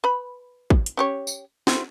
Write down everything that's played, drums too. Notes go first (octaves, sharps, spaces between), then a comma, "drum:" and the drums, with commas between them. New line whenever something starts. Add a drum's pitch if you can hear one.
B4 B5
drum: kick
drum: hi-hat
C#4 G4 C#5
drum: tambourine
C4 E4 F#4, drum: snare